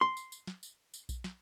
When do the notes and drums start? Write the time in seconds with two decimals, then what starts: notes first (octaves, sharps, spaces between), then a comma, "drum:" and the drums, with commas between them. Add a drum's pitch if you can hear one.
0.01 C6
0.17 drum: tambourine
0.32 drum: tambourine
0.47 drum: snare
0.63 drum: tambourine
0.94 drum: tambourine
1.09 drum: kick A#1, tambourine
1.24 drum: snare